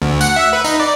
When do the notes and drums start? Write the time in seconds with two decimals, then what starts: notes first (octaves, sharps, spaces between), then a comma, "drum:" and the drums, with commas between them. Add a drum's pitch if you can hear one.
0.02 D2
0.21 F#5, drum: tambourine
0.36 E5
0.53 B4
0.65 D#4, drum: tambourine
0.80 D5